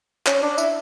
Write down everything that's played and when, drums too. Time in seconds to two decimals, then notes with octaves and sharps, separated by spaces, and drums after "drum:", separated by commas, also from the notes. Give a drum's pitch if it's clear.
0.27 C#4, drum: clap
0.43 D4
0.58 E4, drum: tambourine